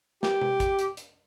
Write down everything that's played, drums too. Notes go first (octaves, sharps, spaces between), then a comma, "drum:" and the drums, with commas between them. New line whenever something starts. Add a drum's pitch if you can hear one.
G4, drum: snare
drum: tom B2
drum: kick, hi-hat
drum: hi-hat
drum: hi-hat